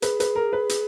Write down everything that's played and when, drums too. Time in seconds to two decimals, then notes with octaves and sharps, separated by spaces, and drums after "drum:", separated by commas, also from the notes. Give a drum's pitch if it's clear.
0.02 G#4 B4, drum: hi-hat
0.20 B4, drum: hi-hat
0.36 A#4
0.53 B4
0.69 drum: hi-hat